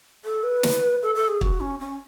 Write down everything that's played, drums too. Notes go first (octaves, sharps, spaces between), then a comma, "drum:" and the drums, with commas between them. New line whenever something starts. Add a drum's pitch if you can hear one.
A4
B4
drum: snare
A4
A4
G#4
F#4, drum: kick
C#4
C#4